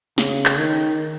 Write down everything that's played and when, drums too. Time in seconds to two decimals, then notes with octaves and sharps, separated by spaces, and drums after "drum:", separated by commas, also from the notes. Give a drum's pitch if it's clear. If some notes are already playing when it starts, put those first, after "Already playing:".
0.18 C#3, drum: snare
0.46 drum: clap
0.59 D#3